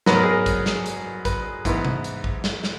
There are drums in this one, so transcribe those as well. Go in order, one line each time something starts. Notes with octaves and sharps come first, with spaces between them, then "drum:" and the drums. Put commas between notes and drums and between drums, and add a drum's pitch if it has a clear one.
G#2 F#3 B3 B4, drum: snare
A#4
G#4
A#4
drum: kick, hi-hat
drum: snare
drum: hi-hat
B4, drum: kick, hi-hat
G#2 E3 B3, drum: kick, hi-hat
drum: tom B2
drum: hi-hat
drum: kick
drum: snare
drum: snare